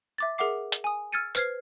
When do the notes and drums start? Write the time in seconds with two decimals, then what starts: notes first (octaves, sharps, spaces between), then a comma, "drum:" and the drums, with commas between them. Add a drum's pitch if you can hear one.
0.18 E5 D6 A6
0.38 G#4 A#4 E5 F#5 D6 C7
0.72 drum: hi-hat
0.84 G#5 D#6
1.12 E6 F6 G#6 A6 C#7 D#7
1.35 B4 C5 F6 G#6 C7, drum: tambourine